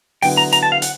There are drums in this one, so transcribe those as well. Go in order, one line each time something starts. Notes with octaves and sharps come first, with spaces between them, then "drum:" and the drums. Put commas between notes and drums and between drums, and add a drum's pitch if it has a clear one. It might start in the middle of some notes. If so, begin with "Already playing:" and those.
D3 F#3 B3 E4 G5, drum: open hi-hat
A#5
A#5, drum: hi-hat
A5
F5
F#5, drum: hi-hat